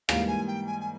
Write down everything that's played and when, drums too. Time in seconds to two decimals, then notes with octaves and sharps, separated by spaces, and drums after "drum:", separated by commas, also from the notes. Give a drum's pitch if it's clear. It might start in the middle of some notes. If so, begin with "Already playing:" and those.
0.09 G#2 E3 G3 A#3 F5, drum: rim click
0.27 G#5
0.47 G5
0.66 G#5
0.80 G#5